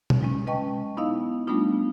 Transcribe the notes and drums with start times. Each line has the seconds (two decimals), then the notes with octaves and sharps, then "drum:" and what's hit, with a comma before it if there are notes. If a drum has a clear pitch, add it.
0.10 drum: tom B2
0.21 F#3 G#3 C#4
0.47 B4 D#5 G5 A5 C#6
0.97 B3 D#4 E4 D#5 F5
1.47 G3 A3 B3 D4 D#4 F4